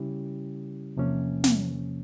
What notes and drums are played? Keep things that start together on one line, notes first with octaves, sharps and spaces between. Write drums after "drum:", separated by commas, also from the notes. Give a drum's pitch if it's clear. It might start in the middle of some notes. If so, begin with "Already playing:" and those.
Already playing: C#3 G3 C#4 E4 G4
E2 C3 F3 A#3 C#4
drum: snare